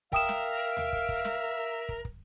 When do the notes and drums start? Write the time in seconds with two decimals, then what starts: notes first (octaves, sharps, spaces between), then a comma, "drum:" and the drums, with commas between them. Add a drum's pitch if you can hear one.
0.13 A#4 E5 F5 G5 D#6 E7, drum: kick
0.29 drum: snare
0.77 drum: tom D2
0.93 drum: kick
1.09 drum: kick
1.25 drum: snare
1.89 drum: kick
2.05 drum: kick